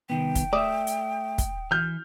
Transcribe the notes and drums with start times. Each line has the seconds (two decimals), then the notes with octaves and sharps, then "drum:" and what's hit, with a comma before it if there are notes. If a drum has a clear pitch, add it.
0.10 C2 D#3 B3 G5
0.35 drum: kick, hi-hat
0.53 A3 D5 E5 D#6
0.87 drum: hi-hat
1.38 drum: kick, hi-hat
1.71 E3 F6 G6